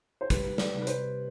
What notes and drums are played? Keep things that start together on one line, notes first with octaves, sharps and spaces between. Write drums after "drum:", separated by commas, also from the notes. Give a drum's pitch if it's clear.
C5
G3 B4, drum: kick, hi-hat
D5, drum: snare
C3
B4
C5, drum: hi-hat